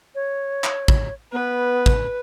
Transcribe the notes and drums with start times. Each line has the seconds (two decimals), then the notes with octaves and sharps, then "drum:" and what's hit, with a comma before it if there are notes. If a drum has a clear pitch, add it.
0.15 C#5
0.64 drum: clap
0.88 drum: kick
1.33 B3 B4
1.86 drum: kick